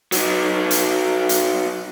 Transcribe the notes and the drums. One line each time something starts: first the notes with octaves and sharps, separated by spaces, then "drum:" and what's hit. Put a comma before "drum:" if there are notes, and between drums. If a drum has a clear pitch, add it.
F#3 D#4, drum: hi-hat
drum: hi-hat
drum: hi-hat